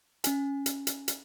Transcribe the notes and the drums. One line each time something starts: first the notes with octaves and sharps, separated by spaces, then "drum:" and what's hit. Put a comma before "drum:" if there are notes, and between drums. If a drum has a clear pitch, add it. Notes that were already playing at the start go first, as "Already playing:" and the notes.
C#4 G#5, drum: hi-hat
drum: hi-hat
drum: hi-hat
drum: hi-hat